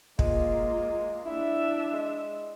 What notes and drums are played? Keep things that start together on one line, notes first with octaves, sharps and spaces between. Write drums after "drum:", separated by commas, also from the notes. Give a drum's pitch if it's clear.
G#3 A#3 F4, drum: kick
D4 E4 E5
G#3